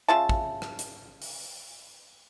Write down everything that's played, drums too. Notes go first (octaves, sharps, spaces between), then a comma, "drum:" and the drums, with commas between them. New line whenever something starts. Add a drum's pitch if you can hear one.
C#3 F4 E5 A5
drum: kick
drum: rim click
drum: hi-hat
drum: open hi-hat